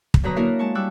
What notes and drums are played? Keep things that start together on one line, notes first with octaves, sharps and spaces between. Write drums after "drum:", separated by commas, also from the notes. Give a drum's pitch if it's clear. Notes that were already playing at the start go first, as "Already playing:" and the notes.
drum: kick
B2 D3 F#3 B4 A#5 D#6
A#3 D4 E4 F#4 A#4 F5
G#3 A5 C#6
G3 D4 C#6 D6 E6 F#6